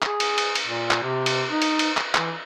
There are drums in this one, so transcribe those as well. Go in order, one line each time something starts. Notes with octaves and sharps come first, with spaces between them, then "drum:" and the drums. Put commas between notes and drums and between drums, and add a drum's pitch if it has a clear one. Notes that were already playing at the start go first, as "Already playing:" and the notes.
G#4, drum: clap
drum: cymbal
drum: cymbal
drum: cymbal
A#2
drum: clap
C3
drum: cymbal
D#4
drum: cymbal
drum: cymbal
drum: clap
E3, drum: clap